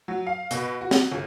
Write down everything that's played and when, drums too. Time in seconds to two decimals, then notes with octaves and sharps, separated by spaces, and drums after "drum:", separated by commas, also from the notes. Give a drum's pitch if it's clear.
0.08 F#3
0.27 F5
0.51 B2, drum: hi-hat
0.81 F#4
0.91 drum: snare
1.12 G1